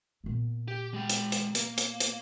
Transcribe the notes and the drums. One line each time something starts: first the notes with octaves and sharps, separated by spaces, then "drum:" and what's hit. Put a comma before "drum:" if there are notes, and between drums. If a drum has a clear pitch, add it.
A#2 B3
G4
G#3 G5
drum: hi-hat
drum: hi-hat
A#3, drum: hi-hat
drum: hi-hat
drum: hi-hat